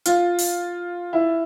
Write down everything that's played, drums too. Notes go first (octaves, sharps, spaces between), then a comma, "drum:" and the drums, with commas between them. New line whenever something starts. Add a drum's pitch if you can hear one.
F4, drum: hi-hat
drum: open hi-hat
E4